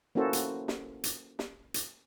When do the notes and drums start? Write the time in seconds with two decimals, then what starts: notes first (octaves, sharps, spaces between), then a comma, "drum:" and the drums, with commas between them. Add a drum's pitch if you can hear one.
0.15 A#3 C#4 E4 F#4 A4 C5
0.33 drum: hi-hat
0.68 drum: snare
1.04 drum: hi-hat
1.39 drum: snare
1.74 drum: hi-hat